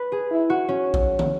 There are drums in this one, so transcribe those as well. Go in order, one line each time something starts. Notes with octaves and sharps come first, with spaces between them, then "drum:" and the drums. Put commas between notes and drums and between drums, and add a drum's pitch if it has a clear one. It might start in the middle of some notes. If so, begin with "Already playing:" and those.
Already playing: B4
G#4
E4
F#4
C#4
drum: kick A#1
drum: tom